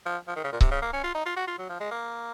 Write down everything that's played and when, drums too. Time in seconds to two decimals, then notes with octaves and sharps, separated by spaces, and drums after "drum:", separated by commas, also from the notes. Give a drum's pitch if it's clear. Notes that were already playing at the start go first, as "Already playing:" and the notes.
0.06 F3
0.28 F3
0.36 D#3
0.44 C#3
0.52 A#2
0.61 C3, drum: kick C#1
0.71 C#3
0.82 A#3
0.93 C#4
1.04 F4
1.15 D#4
1.26 F4
1.36 F#4
1.47 F4
1.58 F#3
1.69 F3
1.80 G#3
1.91 A#3